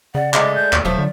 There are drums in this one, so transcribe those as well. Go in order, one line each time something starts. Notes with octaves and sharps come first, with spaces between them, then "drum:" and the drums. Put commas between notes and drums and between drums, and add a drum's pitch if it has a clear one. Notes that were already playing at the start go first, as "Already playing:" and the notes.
C#3 D5 F#5
G#3 A3 D6, drum: clap
G6
D#2 A2, drum: clap
E1 F3 F#3 A3 C5
D3 D5